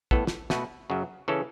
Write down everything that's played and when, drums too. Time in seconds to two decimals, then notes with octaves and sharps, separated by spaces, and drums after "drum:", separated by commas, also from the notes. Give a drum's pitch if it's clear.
0.11 A2 E3 B3 A4, drum: kick
0.27 drum: snare
0.50 B2 A3 F#4 B4, drum: snare
0.90 F#2 C#3 F#3
1.28 C#3 E3 C#4 A4